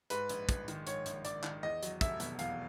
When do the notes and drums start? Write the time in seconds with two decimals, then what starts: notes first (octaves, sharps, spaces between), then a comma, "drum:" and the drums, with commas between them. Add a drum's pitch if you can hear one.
0.10 G#2 B4, drum: hi-hat
0.29 A#1, drum: hi-hat
0.49 A#1, drum: kick, hi-hat
0.68 D#3, drum: hi-hat
0.87 G#2 C#5, drum: hi-hat
1.06 A#1, drum: hi-hat
1.25 A#1 D5, drum: hi-hat
1.44 D#3, drum: clap
1.63 E2 D#5
1.83 F#3, drum: hi-hat
2.01 F1 E5, drum: kick, hi-hat
2.20 B2, drum: hi-hat
2.39 E2 F5, drum: hi-hat